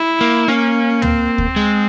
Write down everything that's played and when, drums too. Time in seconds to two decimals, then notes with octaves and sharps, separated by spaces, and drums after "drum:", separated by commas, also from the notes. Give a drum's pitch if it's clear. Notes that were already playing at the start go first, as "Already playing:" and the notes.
Already playing: E4
0.21 A#3
0.48 A#3 C#4
1.02 C4, drum: tom
1.38 drum: kick D2
1.56 G#3